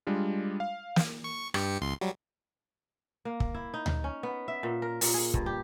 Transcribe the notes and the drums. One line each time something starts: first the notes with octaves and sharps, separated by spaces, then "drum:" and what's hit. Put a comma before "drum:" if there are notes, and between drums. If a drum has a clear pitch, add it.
G3 G#3 D4 F4
F5
drum: snare
C#6
G2 G4 C#7, drum: rim click
C#2 C6
F#3 G3
A#3
drum: kick
E4
D#4
drum: tom D2
C#4
B3
E5
A#2
A#4
A#2, drum: open hi-hat
G#4
G2, drum: kick
G4